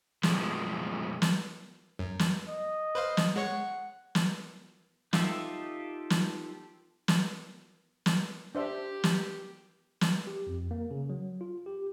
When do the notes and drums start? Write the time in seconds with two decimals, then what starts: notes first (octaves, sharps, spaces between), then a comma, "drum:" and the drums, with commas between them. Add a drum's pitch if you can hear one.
0.23 F#2 B2 F3 G#3 A3, drum: snare
1.22 drum: snare
1.99 F#2
2.19 drum: snare
2.49 D#5
2.95 B4 C5 F5
3.17 drum: snare
3.36 G#3 C#5 F#5 C#7
4.15 drum: snare
5.13 D#4 F4 G4 A4 E5, drum: snare
6.10 drum: snare
7.08 drum: snare
8.06 drum: snare
8.55 D4 G4 C5 E5
9.04 drum: snare
10.01 drum: snare
10.27 G4
10.47 F2
10.71 A#3
10.91 C#3
11.10 F#3
11.41 F4
11.66 G4